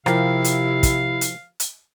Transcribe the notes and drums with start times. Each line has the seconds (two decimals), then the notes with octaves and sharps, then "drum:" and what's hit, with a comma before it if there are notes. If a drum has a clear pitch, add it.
0.06 C3 F3 E4 G4 A#4 F5, drum: rim click
0.44 drum: hi-hat
0.83 drum: kick, hi-hat
1.21 drum: hi-hat
1.60 drum: hi-hat